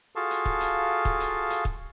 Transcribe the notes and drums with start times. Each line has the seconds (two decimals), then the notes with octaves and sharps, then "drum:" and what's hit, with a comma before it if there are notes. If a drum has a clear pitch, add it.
0.16 F4 F#4 G#4 A4 F5 A5
0.31 drum: hi-hat
0.45 drum: kick
0.60 drum: hi-hat
1.05 drum: kick
1.20 drum: hi-hat
1.50 drum: hi-hat
1.65 drum: kick